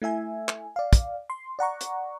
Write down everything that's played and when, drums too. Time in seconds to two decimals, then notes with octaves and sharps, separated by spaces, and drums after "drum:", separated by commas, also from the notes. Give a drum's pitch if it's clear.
0.02 A3 E4 E5 G#5
0.49 drum: clap
0.76 D5 F5
0.93 drum: kick, hi-hat
1.30 C6
1.59 D5 F#5 A#5 C#6
1.81 drum: hi-hat